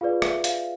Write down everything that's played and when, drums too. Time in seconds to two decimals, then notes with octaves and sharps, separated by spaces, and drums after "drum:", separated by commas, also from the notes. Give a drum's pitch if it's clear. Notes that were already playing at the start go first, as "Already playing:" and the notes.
0.01 F4 G#4 B4 D5 F5
0.22 E5, drum: rim click
0.44 F5, drum: hi-hat